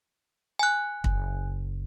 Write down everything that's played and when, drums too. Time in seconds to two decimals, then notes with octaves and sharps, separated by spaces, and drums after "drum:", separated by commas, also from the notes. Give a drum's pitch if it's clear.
0.59 G#5 F#6
1.04 F#1, drum: kick